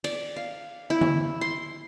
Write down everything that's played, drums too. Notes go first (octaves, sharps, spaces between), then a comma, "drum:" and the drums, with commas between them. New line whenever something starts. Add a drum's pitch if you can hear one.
D5, drum: cymbal
F5
E4
drum: tom D3
C6